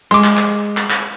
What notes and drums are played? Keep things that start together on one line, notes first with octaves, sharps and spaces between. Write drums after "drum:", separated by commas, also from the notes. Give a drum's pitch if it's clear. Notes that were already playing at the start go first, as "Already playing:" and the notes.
G#3 C6 D6
drum: clap
drum: clap
drum: clap
drum: clap